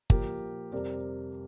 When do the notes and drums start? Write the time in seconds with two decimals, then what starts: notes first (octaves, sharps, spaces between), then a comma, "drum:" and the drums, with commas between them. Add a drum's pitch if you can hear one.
0.10 A#2 F3 G4 A#4, drum: kick G1
0.72 F2 C3 G3 A#4 D5